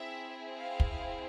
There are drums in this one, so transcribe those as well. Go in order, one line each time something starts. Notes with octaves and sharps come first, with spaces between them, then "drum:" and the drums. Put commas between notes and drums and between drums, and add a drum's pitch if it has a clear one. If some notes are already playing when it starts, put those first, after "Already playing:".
Already playing: C4 E4 G#4 E5
F5
drum: kick